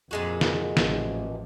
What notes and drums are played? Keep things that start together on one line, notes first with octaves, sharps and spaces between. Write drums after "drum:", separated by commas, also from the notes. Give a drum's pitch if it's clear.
F2 A#2 G#3 F#4
drum: snare
A1 F3, drum: snare